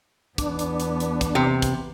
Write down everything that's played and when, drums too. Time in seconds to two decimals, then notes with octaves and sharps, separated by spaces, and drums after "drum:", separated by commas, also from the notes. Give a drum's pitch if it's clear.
0.38 E2 B3 D4, drum: kick, hi-hat
0.59 drum: hi-hat
0.80 drum: hi-hat
1.00 drum: hi-hat
1.21 drum: kick, hi-hat
1.35 C3
1.62 drum: kick, hi-hat